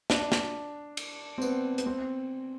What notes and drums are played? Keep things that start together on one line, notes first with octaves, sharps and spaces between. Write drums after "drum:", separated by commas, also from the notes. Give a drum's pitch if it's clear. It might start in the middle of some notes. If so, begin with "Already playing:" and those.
D4, drum: snare
drum: snare
drum: cymbal
C4
B3, drum: tambourine
B3, drum: hi-hat
C4